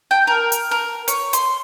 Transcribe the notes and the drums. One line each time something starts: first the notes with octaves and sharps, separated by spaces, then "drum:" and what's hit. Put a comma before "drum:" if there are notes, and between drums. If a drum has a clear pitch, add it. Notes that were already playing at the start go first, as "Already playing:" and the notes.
G5
A#4
drum: hi-hat
A#4
C#5, drum: hi-hat
C6, drum: hi-hat